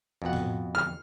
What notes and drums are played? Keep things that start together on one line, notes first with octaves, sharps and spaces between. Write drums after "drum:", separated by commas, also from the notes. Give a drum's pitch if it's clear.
F2 B2 F#5
drum: tom A2
F6